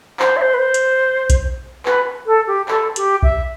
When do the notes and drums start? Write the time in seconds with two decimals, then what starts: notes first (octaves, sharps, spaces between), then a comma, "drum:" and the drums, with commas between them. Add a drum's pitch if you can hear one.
0.19 C5, drum: clap
0.36 E5
0.41 C5
0.53 B4
0.58 C5
0.74 drum: hi-hat
1.30 drum: kick B1, hi-hat
1.85 B4, drum: clap
2.26 A4
2.47 G4
2.68 A4, drum: clap
2.96 G4, drum: hi-hat
3.23 E5, drum: kick B1